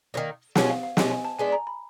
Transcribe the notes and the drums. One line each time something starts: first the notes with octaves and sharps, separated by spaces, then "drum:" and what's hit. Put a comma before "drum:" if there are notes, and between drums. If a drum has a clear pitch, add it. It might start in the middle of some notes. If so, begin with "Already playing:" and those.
D#3 F#3 A#3
B2 G#3 C#4 F4 F#5, drum: snare
F5
F5
B2 G#3 C#4 F4 D#5, drum: snare
G#5
A5
G#3 B3 D4 G#5
A#5
B5